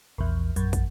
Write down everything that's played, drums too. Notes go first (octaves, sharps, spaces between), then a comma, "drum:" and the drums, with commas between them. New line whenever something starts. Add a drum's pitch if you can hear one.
A#1 E2
A#1 F#2, drum: hi-hat
drum: kick, hi-hat